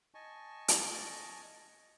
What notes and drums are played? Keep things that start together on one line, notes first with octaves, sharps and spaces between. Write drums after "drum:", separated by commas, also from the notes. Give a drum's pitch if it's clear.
D#5 G#5 A5 C#6
drum: hi-hat